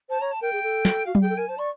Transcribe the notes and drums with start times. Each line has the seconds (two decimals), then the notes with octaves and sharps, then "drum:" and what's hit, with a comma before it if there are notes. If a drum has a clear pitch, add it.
0.09 C5 A5
0.21 C#5 A#5
0.31 A5
0.41 A#4 G5
0.53 G#4
0.63 A4
0.85 drum: snare
1.05 F#4 F5
1.15 G4, drum: tom F#3
1.21 G#4 G5
1.29 A4
1.37 A#4 G#5
1.48 C5 A5
1.58 D5 C#6